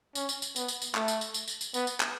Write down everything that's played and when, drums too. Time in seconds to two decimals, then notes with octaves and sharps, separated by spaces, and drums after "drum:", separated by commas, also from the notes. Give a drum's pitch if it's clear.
0.15 C#4, drum: tambourine
0.29 drum: tambourine
0.42 drum: tambourine
0.56 B3, drum: tambourine
0.68 drum: tambourine
0.82 drum: tambourine
0.95 A3, drum: clap
1.08 drum: tambourine
1.21 drum: tambourine
1.34 drum: tambourine
1.48 drum: tambourine
1.61 drum: tambourine
1.74 B3, drum: tambourine
1.87 drum: tambourine
2.00 drum: clap